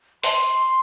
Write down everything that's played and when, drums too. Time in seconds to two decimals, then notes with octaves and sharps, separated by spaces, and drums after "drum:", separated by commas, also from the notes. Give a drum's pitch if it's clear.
0.24 C6, drum: open hi-hat